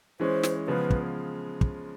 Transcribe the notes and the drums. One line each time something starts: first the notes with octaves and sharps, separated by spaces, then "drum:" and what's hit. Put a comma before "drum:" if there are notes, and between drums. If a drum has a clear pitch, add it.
E3 G#3 C#4 C5
drum: snare
C#3 F3 G#3 B3 B4
drum: kick
drum: kick